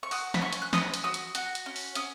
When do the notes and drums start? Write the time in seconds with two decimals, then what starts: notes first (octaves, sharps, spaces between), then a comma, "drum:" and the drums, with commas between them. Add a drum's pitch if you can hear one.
0.03 C#6
0.11 F#4 D#6, drum: open hi-hat
0.34 B5, drum: snare
0.42 C#4 C#6
0.53 drum: hi-hat
0.62 F#6
0.73 C#4 D#6, drum: snare
0.94 drum: hi-hat
1.04 F#4 D#6
1.14 drum: hi-hat
1.35 F#4 F#6, drum: hi-hat
1.55 drum: hi-hat
1.66 C#4
1.76 drum: open hi-hat
1.95 C#4 D#6, drum: hi-hat